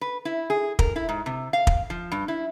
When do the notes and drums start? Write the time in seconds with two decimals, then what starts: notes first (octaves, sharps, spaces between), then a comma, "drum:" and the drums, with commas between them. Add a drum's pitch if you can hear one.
0.01 B4
0.25 E4
0.50 G#4
0.79 A#4, drum: kick
0.96 E4
1.09 G#2
1.26 C3
1.53 F5
1.67 drum: kick
1.90 F3
2.12 G2
2.28 E4